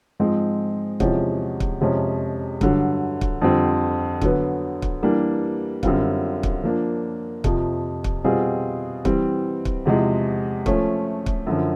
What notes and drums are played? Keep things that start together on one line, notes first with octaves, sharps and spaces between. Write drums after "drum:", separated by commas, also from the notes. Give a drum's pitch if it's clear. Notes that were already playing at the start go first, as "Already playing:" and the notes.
G#2 F3 G#3 C4
E2 C3 F3 G#3 C#4, drum: kick
drum: kick
F2 C3 F3 G#3 C#4
G2 D3 F#3, drum: kick
drum: kick
F2 D3 G3 C4
D3 F#3 B3, drum: kick
drum: kick
E3 G3 A#3 D4 G4
F#2 D3 G3 C4 F4, drum: kick
drum: kick
F3 A#3 D4
F2 C3 F3, drum: kick
drum: kick
B2 G3 C4 F4 G#4
E3 G3 C4, drum: kick
drum: kick
E2 C3 F3 G#3
F3 A3 C#4, drum: kick
drum: kick
F#2 D3 F3